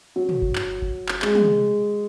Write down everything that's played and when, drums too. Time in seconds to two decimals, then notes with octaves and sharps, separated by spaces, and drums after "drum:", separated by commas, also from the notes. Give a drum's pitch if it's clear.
0.16 F#3
0.29 drum: tom
0.42 drum: kick F#1
0.55 drum: clap
0.82 drum: kick F#1
1.09 drum: clap
1.22 G#3, drum: clap
1.35 drum: tom